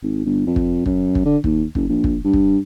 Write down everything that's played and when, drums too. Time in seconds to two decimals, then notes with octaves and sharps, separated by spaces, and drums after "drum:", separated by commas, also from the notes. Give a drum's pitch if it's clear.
0.02 G#1
0.25 G1
0.47 F2
0.56 drum: kick
0.86 F#2, drum: kick
1.15 drum: kick
1.25 D3
1.44 D#2, drum: kick
1.75 F#1, drum: kick
1.88 A#1
2.04 drum: kick
2.24 G2
2.33 drum: kick